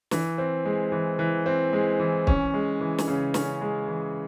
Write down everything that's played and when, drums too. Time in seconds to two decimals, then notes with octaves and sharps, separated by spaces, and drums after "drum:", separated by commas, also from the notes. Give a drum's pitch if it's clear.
0.11 E3, drum: snare
0.38 C4
0.65 G#3
0.92 E3
1.19 E3
1.46 C4
1.73 G#3
1.99 E3
2.27 C#4, drum: kick
2.54 G#3
2.81 E3
2.98 drum: snare
3.08 C#3
3.34 C#4, drum: snare
3.61 G#3
3.88 E3